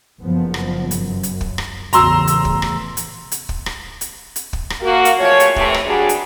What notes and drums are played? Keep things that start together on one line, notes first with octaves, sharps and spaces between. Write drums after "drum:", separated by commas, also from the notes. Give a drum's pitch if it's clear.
F#1 F3 B3
drum: rim click
F#2, drum: hi-hat
drum: hi-hat
drum: kick
drum: rim click
A1 E2 C#3 A#5 C6 E6, drum: hi-hat
drum: hi-hat
drum: kick
drum: rim click
drum: hi-hat
drum: hi-hat
drum: kick
drum: rim click
drum: hi-hat
drum: hi-hat
drum: kick
drum: rim click
A#3 F#4
drum: hi-hat
E2 A#2 F3 A3 C#5
drum: hi-hat
C3 E3 A3, drum: kick
drum: rim click
F#3 G3 D4 F#4 G#4
drum: hi-hat